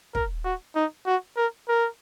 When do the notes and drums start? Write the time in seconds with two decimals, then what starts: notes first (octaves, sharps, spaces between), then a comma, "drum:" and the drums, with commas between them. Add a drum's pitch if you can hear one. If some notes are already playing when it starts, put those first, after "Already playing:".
0.15 A#4, drum: kick
0.45 F#4
0.76 D#4
1.07 F#4
1.37 A#4
1.69 A#4